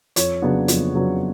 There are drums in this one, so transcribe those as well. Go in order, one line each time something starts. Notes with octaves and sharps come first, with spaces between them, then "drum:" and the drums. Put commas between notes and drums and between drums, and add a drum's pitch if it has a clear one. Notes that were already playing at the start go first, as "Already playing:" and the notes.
F2 C#5, drum: hi-hat
C#3 F#3 B3 D4
F2, drum: hi-hat
C#3 F#3 B3 D4